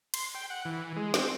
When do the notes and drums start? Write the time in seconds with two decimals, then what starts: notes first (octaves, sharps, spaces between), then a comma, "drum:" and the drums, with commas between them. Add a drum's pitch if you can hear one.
0.14 C6, drum: cymbal
0.35 G5
0.50 F#5
0.65 E3
0.96 G#3
1.14 C4, drum: snare